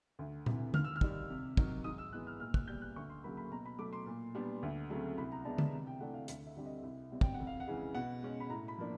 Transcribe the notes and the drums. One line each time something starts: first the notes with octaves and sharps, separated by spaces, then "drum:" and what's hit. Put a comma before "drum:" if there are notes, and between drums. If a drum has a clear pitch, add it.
D2
C3 E3, drum: tom A#2
D#2 F6, drum: tom D3
E6
F6
D#3 G3, drum: kick
C3
D#3 F#3, drum: kick
G#2 D#6
E6
E3 G#3 B3 F#6
F6
A#2 F6
F#6, drum: kick
G3 B3 G6
F#6
D2 C#6
C6
C#3 F#3 A#3 B5
B5
B2 A#5
B5
F#3 A3 D6
C6
A#2
G3 B3 D4
D2
C#3 F#3 A3 C4
C2 B5
A#5
B2 G#3 B3 D4 A5
E5, drum: tom D3
C3
G5
E3 A3 D4 F#5
F5
D2 F5, drum: hi-hat
E5
D3 G3 C4
D#5
C2 E5
B2 G3 C4
G5, drum: kick
F#5
F2
F5
F#5
C#3 E3 G#3
B2 F#5
G#3 C#4
B5
A2 A#5
B5
F3 A#3 D4